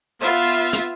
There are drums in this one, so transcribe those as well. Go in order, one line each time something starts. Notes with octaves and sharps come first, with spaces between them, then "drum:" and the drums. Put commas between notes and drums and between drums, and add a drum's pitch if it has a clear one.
B3 F4 E5
drum: hi-hat